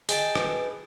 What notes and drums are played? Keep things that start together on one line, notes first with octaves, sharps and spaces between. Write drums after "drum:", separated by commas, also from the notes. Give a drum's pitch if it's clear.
G#4 D#5 G5 A5, drum: open hi-hat
B4, drum: rim click